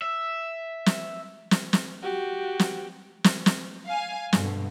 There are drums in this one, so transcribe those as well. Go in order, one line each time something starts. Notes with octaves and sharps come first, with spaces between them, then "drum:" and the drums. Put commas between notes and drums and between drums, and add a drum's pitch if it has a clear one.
E5
drum: snare
drum: snare
drum: snare
F#4 G4
drum: snare
drum: snare
drum: snare
F5 G#5
G2 B2 D3, drum: snare